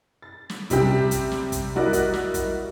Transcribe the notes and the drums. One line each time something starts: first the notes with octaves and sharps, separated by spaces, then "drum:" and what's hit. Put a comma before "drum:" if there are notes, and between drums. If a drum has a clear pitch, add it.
A6
drum: snare
C3 G3 C4 G4, drum: kick, hi-hat
drum: kick, hi-hat
drum: snare
drum: kick, hi-hat
G3 E4 F#4 A#4 D5 D#5
drum: kick, hi-hat
drum: snare
drum: kick, hi-hat